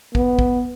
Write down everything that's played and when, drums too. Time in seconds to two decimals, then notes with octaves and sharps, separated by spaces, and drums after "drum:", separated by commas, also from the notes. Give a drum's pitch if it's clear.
0.15 B3, drum: kick
0.39 drum: kick